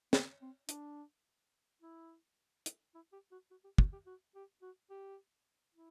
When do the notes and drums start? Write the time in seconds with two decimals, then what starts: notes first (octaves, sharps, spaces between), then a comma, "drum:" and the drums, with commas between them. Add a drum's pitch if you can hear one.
0.13 B3, drum: snare
0.42 C4
0.69 D4, drum: hi-hat
1.82 E4
2.66 drum: hi-hat
2.95 E4
3.13 G4
3.32 F#4
3.51 F#4
3.64 G4
3.78 F#4, drum: kick
3.92 G4
4.06 F#4
4.35 G4
4.62 F#4
4.90 G4
5.75 E4